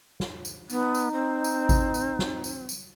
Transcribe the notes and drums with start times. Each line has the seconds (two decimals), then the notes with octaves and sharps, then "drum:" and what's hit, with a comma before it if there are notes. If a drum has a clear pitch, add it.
0.20 drum: snare
0.45 drum: tambourine
0.70 B3 D#4, drum: tambourine
0.95 drum: tambourine
1.13 C4
1.44 drum: tambourine
1.69 drum: kick G#1, tambourine
1.94 drum: tambourine
2.19 drum: snare
2.44 drum: tambourine
2.69 drum: tambourine